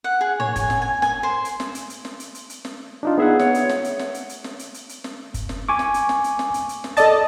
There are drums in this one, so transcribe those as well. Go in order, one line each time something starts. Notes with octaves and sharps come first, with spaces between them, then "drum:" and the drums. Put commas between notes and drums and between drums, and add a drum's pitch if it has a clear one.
F#5
G#4
C#5, drum: tom A2
G#5, drum: kick, hi-hat
drum: snare
G#5
G#5, drum: snare
C5
drum: hi-hat
drum: snare
drum: hi-hat
drum: hi-hat
drum: snare
drum: hi-hat
drum: hi-hat
drum: hi-hat
drum: snare
D4 D#4 F4
B3 G#4 E5 F#5
C#5, drum: snare
drum: hi-hat
drum: snare
drum: hi-hat
drum: snare
drum: hi-hat
drum: hi-hat
drum: snare
drum: hi-hat
drum: hi-hat
drum: hi-hat
drum: snare
drum: kick, hi-hat
drum: snare
G#5 C#6 D6
drum: snare
drum: hi-hat
drum: snare
drum: hi-hat
drum: snare
drum: hi-hat
drum: hi-hat
drum: snare
A4 D5 D#5 A5 A6, drum: hi-hat